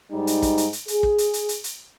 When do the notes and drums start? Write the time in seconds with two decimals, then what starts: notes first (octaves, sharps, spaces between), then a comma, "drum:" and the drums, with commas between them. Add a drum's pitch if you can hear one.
0.11 G#2 G3 D#4
0.27 drum: hi-hat
0.42 drum: kick, hi-hat
0.58 drum: hi-hat
0.73 drum: hi-hat
0.88 G#4, drum: hi-hat
1.03 drum: kick
1.18 drum: hi-hat
1.33 drum: hi-hat
1.49 drum: hi-hat
1.64 drum: hi-hat